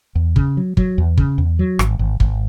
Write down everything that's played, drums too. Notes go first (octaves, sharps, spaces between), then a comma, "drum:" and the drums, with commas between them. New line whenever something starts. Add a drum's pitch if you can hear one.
E2
C#3, drum: kick
F#3
F#3, drum: kick
E2
C#3, drum: kick
E2
F#3
G#1, drum: rim click
G#1
G#1, drum: kick